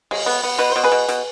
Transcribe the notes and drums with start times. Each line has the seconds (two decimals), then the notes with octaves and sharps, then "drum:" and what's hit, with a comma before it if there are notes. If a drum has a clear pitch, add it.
0.11 G#3, drum: cymbal
0.26 B3
0.44 B3
0.59 B2 B4
0.71 B2 C5
0.84 G#4 B4
0.92 B2
1.08 B2, drum: hi-hat